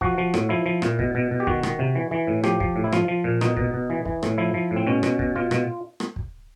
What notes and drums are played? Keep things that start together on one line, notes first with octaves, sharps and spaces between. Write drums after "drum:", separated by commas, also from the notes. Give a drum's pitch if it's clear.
F3 F#4, drum: kick
F3
A2, drum: rim click
F3 E4
F3
A#2, drum: rim click
B2, drum: kick
B2
B2
G4
D#3 F#4, drum: kick
D#3, drum: rim click
C3
E3
E3
A2
F3 G4, drum: rim click
F3, drum: kick
A2
E4
F3 F4, drum: rim click
F3
A#2
B2 D#4, drum: rim click
B2, drum: kick
B2
E3
E3, drum: kick
A2, drum: rim click
F3 E4
F3
A2
C4
B2 C#4
B2, drum: rim click
B2, drum: kick
B2 F4
B2, drum: rim click
drum: rim click
drum: kick